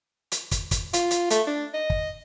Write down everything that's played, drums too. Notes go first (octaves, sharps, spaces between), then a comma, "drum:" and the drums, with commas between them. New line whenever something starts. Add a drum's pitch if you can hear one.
drum: hi-hat
drum: kick, hi-hat
drum: kick, hi-hat
F4, drum: hi-hat
drum: hi-hat
A3, drum: hi-hat
D4
D#5
drum: kick